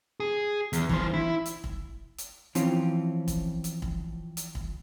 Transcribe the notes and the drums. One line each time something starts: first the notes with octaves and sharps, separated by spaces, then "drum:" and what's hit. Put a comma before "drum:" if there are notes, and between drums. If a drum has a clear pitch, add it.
G#4
E2, drum: hi-hat
E3 C5, drum: kick
E4
drum: hi-hat
drum: kick
drum: hi-hat
E3 F3 C4 C#4 F4, drum: hi-hat
drum: kick, hi-hat
drum: hi-hat
drum: kick
drum: hi-hat
drum: kick